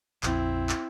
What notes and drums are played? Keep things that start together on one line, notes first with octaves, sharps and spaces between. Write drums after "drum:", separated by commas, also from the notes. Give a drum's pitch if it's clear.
A#1 F2 C4 E4, drum: clap
drum: clap